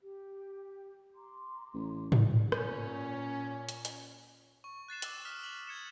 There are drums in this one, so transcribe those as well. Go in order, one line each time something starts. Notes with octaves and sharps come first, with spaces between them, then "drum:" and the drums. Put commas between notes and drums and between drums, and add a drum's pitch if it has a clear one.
G4
A#5 C6 D6
A1
drum: tom G#2
A#2 C#4, drum: rim click
drum: hi-hat
drum: hi-hat
C#6
F#6 A6 C7 E7
D6 E6 E7, drum: hi-hat
D#6 F6 B6
F#7
G#6 C#7 E7